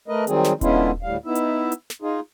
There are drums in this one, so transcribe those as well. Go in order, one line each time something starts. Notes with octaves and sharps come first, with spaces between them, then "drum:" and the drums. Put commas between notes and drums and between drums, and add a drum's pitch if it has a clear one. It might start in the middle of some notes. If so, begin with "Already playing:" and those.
A3 A#4 B4 D#5
D#3 F#3 G3 C4 G#4, drum: hi-hat
drum: snare
D3 G#3 B3 C#4 E4 F4, drum: kick D#1, hi-hat
D2 A2 G3 F5
B3 D#4 E4 E5
drum: hi-hat
drum: hi-hat
drum: snare
D#4 F4 G#4